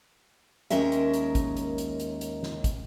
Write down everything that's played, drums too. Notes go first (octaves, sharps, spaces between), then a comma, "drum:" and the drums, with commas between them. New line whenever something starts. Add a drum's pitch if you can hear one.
D#2 G#3 C#4 A#4 E5, drum: hi-hat
drum: hi-hat
drum: hi-hat
drum: kick, hi-hat
drum: hi-hat
drum: hi-hat
drum: hi-hat
drum: hi-hat
drum: snare
drum: kick, hi-hat